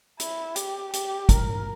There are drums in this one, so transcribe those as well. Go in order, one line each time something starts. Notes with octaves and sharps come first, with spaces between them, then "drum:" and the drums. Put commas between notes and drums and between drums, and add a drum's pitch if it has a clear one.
E4, drum: hi-hat
G4, drum: hi-hat
G4, drum: hi-hat
A#4, drum: kick, hi-hat